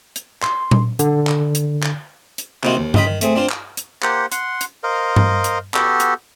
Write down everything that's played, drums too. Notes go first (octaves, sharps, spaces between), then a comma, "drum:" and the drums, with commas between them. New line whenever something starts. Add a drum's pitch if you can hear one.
drum: hi-hat
C6, drum: clap
drum: tom A#2
D3, drum: hi-hat
drum: clap
drum: hi-hat
drum: clap
drum: hi-hat
C3 A#3 C4 D#4 F4 F#4, drum: clap
D#2
C#3 F4 D#5 G5 B5, drum: tom G2
D#3
A3 C4 G#4, drum: hi-hat
C4 D4 F4 C5
drum: clap
drum: hi-hat
A#3 G4 C5 F#5, drum: clap
F#5 C6, drum: hi-hat
drum: hi-hat
A#4 C5 D#5 F5
drum: tom G2
drum: hi-hat
B3 F#4 G4 A4, drum: clap
drum: hi-hat